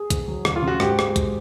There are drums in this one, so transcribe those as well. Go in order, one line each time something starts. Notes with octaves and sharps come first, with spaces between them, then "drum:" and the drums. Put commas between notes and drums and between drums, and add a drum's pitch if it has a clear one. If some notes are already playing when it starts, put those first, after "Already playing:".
Already playing: G#4
D2, drum: kick, hi-hat
F#3
D2, drum: rim click
F4
C#3
F#4
G#2 G4, drum: rim click
G#3, drum: rim click
drum: kick, hi-hat